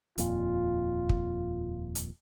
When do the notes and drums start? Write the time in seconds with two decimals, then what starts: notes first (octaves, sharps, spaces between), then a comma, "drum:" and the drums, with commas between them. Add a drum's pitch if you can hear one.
0.18 D#1 F2 A#2 F4, drum: hi-hat
1.09 drum: kick
1.95 drum: hi-hat